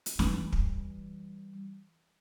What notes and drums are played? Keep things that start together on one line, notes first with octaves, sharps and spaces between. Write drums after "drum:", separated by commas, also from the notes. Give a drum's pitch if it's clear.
drum: hi-hat
E3 G3, drum: snare
drum: kick